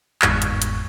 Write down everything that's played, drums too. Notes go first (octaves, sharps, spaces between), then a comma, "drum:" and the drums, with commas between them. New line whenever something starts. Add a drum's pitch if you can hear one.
G1 E2 G#2 C#6 G#6, drum: clap
drum: hi-hat
drum: hi-hat